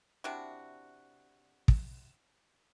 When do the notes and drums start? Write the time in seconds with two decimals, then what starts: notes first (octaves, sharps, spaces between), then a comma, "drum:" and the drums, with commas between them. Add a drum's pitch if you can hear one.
0.24 C3 D4 E4 F#4
1.68 drum: kick